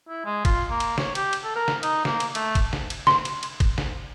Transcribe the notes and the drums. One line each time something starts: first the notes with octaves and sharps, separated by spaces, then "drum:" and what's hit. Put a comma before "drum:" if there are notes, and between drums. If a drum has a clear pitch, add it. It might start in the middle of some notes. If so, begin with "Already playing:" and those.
E4
G#3
F4, drum: kick, cymbal
A#3
drum: cymbal
C#5, drum: snare
G4, drum: cymbal
drum: cymbal
A4
A#4
drum: snare
D#4, drum: cymbal
A#3, drum: snare
drum: cymbal
A3, drum: cymbal
drum: kick, cymbal
drum: snare
drum: cymbal
C6, drum: snare
drum: cymbal
drum: cymbal
drum: kick, cymbal
drum: snare